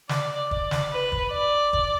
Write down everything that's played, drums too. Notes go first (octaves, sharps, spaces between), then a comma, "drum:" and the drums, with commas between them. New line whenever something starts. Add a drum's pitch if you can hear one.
D5, drum: snare
D5, drum: kick
drum: snare
B4
drum: kick
D5
drum: kick